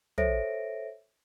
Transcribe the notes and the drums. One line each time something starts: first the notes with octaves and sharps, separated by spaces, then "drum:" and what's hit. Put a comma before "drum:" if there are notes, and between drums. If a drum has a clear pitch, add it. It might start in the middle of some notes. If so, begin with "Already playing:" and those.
A4 C5 C#5 E5 A#6 D7, drum: tom